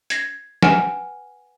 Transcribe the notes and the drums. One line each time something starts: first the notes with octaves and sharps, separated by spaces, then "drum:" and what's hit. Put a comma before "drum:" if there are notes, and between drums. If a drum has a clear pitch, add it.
G#6 A#6 C7, drum: hi-hat
B4 F#5 G#5 F6 D7 E7, drum: snare